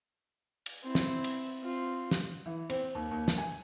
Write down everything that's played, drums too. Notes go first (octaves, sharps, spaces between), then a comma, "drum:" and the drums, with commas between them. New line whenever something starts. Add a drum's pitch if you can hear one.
drum: cymbal
C4 E4
drum: snare
drum: cymbal
C4 F4
drum: snare
E3
C4, drum: cymbal
D#2
D#2
drum: snare
G#5